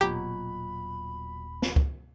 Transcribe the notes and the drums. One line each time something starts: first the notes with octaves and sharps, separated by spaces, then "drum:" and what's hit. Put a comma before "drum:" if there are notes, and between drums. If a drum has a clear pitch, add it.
D#1 B2 F#3 F4 G4 A#5 B5
drum: snare
drum: kick C#2